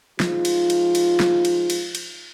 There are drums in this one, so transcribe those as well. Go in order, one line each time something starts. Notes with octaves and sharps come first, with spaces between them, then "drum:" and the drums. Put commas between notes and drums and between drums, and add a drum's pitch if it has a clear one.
F3 G#3 D#4 F4, drum: snare
drum: cymbal
drum: cymbal
drum: cymbal
drum: snare
drum: cymbal
drum: cymbal
drum: cymbal